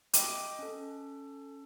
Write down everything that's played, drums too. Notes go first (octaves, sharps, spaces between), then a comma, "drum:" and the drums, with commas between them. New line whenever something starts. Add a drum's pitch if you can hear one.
D#5 G5 D6, drum: hi-hat
C#4 A4